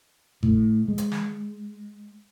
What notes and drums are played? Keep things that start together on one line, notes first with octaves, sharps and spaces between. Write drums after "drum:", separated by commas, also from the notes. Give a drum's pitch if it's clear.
A2, drum: kick G#1
G#3
drum: hi-hat
drum: snare